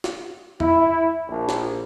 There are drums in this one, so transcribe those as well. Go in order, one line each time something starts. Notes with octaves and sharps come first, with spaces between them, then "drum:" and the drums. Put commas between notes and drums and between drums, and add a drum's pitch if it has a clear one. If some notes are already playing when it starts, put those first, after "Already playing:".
drum: snare
E4, drum: tom E2
A#1
drum: snare